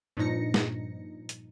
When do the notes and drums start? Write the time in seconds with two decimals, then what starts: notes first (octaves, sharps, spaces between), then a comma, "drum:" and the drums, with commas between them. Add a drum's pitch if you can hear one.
0.17 G2 A#2 F3 D#4 A#6 C#7
0.54 drum: snare
1.29 drum: hi-hat